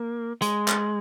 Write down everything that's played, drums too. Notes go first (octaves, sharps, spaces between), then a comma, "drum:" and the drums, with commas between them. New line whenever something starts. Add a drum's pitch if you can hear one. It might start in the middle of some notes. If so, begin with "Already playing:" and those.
Already playing: A#3
G#3, drum: hi-hat
drum: clap